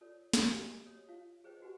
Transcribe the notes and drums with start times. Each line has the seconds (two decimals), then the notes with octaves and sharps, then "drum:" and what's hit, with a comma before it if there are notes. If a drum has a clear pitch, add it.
0.01 F4 A4 A#4 C#5 D5
0.33 drum: snare
0.50 F#4 G4 A#4 D#5 F5 G#5
0.86 C#5 D#6
1.09 F4 F5
1.44 G#4 B4 C5 D#5 G5
1.62 F#4 G4 B4 F#5 G#5